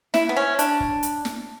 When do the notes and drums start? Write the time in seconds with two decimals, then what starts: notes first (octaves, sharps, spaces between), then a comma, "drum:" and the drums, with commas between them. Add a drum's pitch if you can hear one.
0.14 E4, drum: snare
0.29 B3
0.36 C#4
0.59 D4, drum: hi-hat
0.80 drum: kick
1.03 drum: hi-hat
1.25 drum: snare